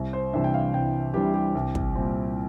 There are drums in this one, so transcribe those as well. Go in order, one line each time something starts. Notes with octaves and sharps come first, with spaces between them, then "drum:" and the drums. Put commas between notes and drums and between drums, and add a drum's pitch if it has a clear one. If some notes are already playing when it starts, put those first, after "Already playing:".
Already playing: C2
C5
C3 E3 G3 D4 E5
G5
F5
C2 G5
C3 E3 G3 D4 G4
G4
C2
drum: kick
A#2 G3 C4